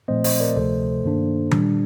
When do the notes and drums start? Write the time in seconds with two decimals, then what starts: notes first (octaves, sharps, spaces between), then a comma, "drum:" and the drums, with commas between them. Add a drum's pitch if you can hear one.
0.08 A#2 F3 A3 C4 C5 D#5
0.24 C5 D#5, drum: open hi-hat
0.40 A#4 D5
0.56 D2 C3 F3 A3 A4 C5
1.04 G2 D#3 A#3 D4
1.51 A#2 G3 D4, drum: tom D#3